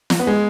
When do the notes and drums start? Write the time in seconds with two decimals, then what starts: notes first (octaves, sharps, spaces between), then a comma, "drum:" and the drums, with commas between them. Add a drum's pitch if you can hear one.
0.10 drum: snare
0.19 B3
0.27 G#3